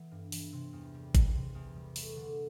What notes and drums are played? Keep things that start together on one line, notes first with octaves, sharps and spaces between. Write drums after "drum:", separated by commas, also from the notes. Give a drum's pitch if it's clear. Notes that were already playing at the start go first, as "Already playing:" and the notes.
Already playing: E3 B3
G2
E3, drum: open hi-hat
C3
E2
G3
E3, drum: kick G#1, hi-hat
C3
E2
G3
A3, drum: open hi-hat
D3